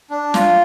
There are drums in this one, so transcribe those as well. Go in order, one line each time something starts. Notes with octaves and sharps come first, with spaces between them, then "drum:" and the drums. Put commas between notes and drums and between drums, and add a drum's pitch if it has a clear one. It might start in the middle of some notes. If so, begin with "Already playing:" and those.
D4
F4, drum: snare